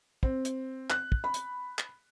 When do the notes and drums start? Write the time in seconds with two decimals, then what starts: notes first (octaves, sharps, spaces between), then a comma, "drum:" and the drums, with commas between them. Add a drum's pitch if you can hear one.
0.23 C4, drum: kick
0.45 drum: hi-hat
0.90 F#6, drum: clap
1.12 drum: kick
1.24 B5
1.34 drum: hi-hat
1.79 drum: clap